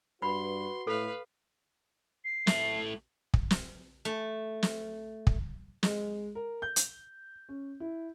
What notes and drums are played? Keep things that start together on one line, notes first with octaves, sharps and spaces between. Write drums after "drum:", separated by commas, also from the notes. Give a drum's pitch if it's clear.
G2 F#4 B4 B5 C6
A2 A4 B4 F5
C7
A3 E4, drum: snare
drum: kick
drum: snare
A3
drum: snare
drum: kick
G#3, drum: snare
A#4
G6
drum: hi-hat
C#4
E4